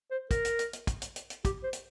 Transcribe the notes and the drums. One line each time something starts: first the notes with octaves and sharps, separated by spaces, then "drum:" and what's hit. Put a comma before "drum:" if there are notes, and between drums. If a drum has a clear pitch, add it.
C5
A#4, drum: kick, hi-hat
drum: hi-hat
drum: hi-hat
drum: hi-hat
drum: kick, hi-hat
drum: hi-hat
drum: hi-hat
drum: hi-hat
G4, drum: kick, hi-hat
C5
drum: hi-hat